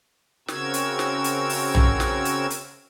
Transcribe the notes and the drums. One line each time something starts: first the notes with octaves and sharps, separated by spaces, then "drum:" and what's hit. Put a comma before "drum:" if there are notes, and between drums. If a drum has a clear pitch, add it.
C#3 C4 F#4 A#4 E6 G#6, drum: snare
drum: hi-hat
drum: snare
drum: hi-hat
drum: open hi-hat
drum: tom A#1
drum: snare
drum: hi-hat
drum: hi-hat